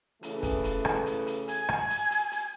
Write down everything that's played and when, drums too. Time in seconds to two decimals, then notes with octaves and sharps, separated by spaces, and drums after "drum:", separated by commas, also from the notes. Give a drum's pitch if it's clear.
0.23 C#3 E3 A3, drum: hi-hat
0.43 drum: kick, hi-hat
0.64 drum: hi-hat
0.85 drum: rim click
1.06 drum: hi-hat
1.27 drum: hi-hat
1.48 G#5, drum: hi-hat
1.69 drum: rim click
1.89 drum: hi-hat
2.10 drum: hi-hat
2.31 drum: hi-hat